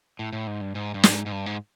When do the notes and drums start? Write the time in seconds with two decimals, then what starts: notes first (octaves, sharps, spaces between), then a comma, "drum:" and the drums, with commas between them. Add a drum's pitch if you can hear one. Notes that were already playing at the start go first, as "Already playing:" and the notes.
0.19 A2
0.33 A2
0.47 G#2
0.61 G2
0.75 G#2
0.94 G2
1.03 G#2, drum: snare
1.26 G#2
1.32 G2
1.46 G#2